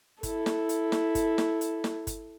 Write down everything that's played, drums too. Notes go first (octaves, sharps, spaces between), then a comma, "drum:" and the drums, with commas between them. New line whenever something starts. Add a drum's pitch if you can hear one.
E4 A4, drum: kick, hi-hat
drum: snare
drum: hi-hat
drum: snare
drum: kick, hi-hat
drum: snare
drum: hi-hat
drum: snare
drum: kick, hi-hat